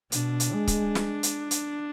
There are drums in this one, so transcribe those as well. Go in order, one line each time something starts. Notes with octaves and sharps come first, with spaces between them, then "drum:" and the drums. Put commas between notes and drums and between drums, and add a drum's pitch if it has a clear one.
B2 D4, drum: hi-hat
drum: hi-hat
G#3
drum: kick C#1, hi-hat
drum: snare
drum: hi-hat
drum: hi-hat